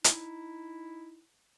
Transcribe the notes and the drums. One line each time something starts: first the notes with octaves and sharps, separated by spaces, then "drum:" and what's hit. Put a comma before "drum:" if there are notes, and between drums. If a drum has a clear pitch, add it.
D#4 E4, drum: hi-hat